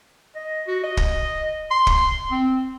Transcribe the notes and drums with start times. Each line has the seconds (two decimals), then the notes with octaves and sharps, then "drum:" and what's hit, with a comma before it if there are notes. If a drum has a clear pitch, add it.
0.35 D#5
0.67 F#4
0.83 D#5
0.97 drum: kick
1.71 C6
1.87 drum: kick
2.31 C4